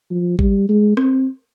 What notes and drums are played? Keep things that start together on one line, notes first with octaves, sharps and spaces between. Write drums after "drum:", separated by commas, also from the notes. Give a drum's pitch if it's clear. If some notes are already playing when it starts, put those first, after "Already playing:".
F3
G3, drum: kick G#1
G#3
C4, drum: rim click